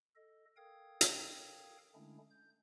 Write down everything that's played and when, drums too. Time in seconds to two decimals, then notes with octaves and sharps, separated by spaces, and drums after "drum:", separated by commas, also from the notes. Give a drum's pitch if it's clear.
0.15 A4 D#5
0.56 A4 A#4 F5 G5 D#6 G#6
1.01 drum: hi-hat
1.94 D3 G#3 A3 C#4 D4 E4
2.30 G6